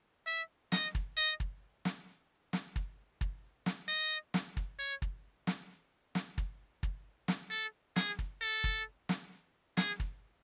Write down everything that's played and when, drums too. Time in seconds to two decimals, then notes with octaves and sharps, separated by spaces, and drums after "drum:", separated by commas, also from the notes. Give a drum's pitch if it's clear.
0.27 E5
0.72 D#5, drum: snare
0.95 drum: kick
1.17 D#5
1.40 drum: kick
1.85 drum: snare
2.53 drum: snare
2.76 drum: kick
3.21 drum: kick
3.66 drum: snare
3.88 D#5
4.34 drum: snare
4.57 drum: kick
4.79 C#5
5.02 drum: kick
5.47 drum: snare
6.15 drum: snare
6.38 drum: kick
6.83 drum: kick
7.28 drum: snare
7.51 A4
7.96 G#4, drum: snare
8.19 drum: kick
8.41 A4
8.64 drum: kick
9.09 drum: snare
9.77 G#4, drum: snare
10.00 drum: kick